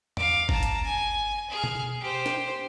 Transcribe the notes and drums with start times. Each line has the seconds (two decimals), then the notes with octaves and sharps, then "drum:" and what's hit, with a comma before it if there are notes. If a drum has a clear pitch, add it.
0.17 F5 D6, drum: tom E2
0.49 A5 A#5, drum: kick G1
0.63 drum: hi-hat
0.85 G#5
1.50 G#4 F6
1.64 drum: tom B2
2.00 G4 C5
2.26 drum: snare